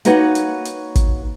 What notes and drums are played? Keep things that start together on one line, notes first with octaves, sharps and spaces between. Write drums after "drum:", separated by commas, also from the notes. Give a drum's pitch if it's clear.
A#3 D#4 F#4 B4 C#5 F#5, drum: hi-hat
drum: hi-hat
drum: hi-hat
drum: kick, hi-hat